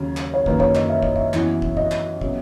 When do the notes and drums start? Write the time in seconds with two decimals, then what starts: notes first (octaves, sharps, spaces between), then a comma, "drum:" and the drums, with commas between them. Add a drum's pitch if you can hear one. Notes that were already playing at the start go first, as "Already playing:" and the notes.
Already playing: D#2 C#3 F#3
0.17 drum: clap
0.34 C#5
0.46 F#2 D#3 A#3 B4, drum: kick
0.60 C#5, drum: kick
0.75 D#5, drum: clap
0.89 E5
1.02 D#5, drum: kick
1.16 E5, drum: kick
1.33 F#2 E3 B3 E4, drum: clap
1.62 drum: kick
1.77 D#5, drum: kick
1.91 drum: clap
2.21 C#3 F#3 B3, drum: kick